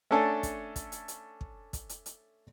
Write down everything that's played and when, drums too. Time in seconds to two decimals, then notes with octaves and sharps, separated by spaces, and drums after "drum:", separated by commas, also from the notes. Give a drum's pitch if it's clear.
0.11 A3 C#4 D4 A4 G#5
0.43 drum: kick, hi-hat
0.76 drum: kick, hi-hat
0.92 drum: hi-hat
1.08 drum: hi-hat
1.41 drum: kick
1.73 drum: kick, hi-hat
1.89 drum: hi-hat
2.06 drum: hi-hat